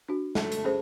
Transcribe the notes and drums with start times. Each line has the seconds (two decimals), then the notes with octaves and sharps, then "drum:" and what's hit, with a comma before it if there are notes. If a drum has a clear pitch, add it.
0.09 D4 F#4
0.35 A3, drum: snare
0.52 drum: hi-hat
0.64 C#4 G#4 C5